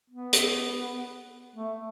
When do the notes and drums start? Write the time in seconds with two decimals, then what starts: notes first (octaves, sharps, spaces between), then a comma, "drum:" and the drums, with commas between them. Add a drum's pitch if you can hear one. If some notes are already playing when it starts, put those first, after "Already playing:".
0.10 B3
0.33 drum: hi-hat
1.56 A3